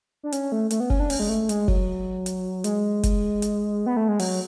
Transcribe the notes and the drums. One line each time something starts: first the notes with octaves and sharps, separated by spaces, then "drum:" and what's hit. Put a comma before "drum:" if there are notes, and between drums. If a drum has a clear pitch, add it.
D4
C#4, drum: hi-hat
A3
A3, drum: hi-hat
B3
C#4, drum: kick
D4
C#4, drum: open hi-hat
G#3
A3
G#3, drum: hi-hat
F#3, drum: kick
drum: hi-hat
G#3, drum: hi-hat
drum: kick, hi-hat
drum: hi-hat
B3
A3
G#3
F#3, drum: open hi-hat